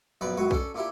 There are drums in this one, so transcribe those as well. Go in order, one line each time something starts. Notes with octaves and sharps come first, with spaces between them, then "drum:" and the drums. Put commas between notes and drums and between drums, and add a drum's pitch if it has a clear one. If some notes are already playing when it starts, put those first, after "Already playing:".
A#1 F#2 B3 B4 D5 B5
C#2 F#2 F#4 B4 F#5 C#6
C#4 D4 A4, drum: kick B1
A#2 D4 E4 G4